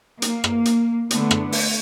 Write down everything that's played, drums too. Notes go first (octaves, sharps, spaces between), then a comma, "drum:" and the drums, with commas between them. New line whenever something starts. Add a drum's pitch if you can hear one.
A#3, drum: hi-hat
drum: rim click
drum: hi-hat
D3 A3 B3 D4, drum: hi-hat
drum: rim click
drum: open hi-hat